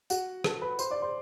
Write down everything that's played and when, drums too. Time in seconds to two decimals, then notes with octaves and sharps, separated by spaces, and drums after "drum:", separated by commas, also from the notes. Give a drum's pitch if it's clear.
0.10 F#4 F#5, drum: tambourine
0.44 A4 A5, drum: rim click
0.62 B4 B5
0.79 C5 C6, drum: tambourine
0.91 D5 D6
1.02 C5 C6